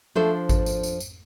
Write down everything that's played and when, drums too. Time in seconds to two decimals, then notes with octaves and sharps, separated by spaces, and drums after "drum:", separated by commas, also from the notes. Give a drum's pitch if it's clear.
0.15 F3 A3 D4 A4 C5
0.49 drum: kick G#1, tambourine
0.66 drum: tambourine
0.83 drum: tambourine
1.00 drum: tambourine